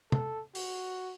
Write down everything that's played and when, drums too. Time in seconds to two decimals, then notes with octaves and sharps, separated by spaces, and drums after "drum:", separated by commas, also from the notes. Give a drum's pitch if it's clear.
0.12 A4, drum: tom
0.55 F#4, drum: open hi-hat